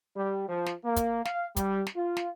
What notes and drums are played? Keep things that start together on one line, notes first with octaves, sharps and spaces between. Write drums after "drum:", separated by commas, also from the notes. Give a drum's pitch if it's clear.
G3
F3
drum: snare
A#3
drum: kick, hi-hat
F5, drum: snare
G3, drum: kick, hi-hat
drum: snare
F4
drum: snare